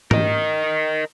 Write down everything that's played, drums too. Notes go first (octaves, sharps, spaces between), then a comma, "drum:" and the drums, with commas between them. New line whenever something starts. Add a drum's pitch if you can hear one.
A#4 D#5, drum: tom